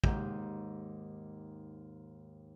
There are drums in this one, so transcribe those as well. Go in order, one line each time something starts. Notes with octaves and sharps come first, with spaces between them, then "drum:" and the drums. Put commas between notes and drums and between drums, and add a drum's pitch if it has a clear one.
D#2 G#2 D6 G6, drum: kick